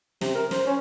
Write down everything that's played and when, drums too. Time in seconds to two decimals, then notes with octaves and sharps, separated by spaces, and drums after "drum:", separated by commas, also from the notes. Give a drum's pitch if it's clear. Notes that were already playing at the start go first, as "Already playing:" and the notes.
0.21 C3, drum: snare
0.35 A#4
0.51 C5, drum: snare
0.66 C#4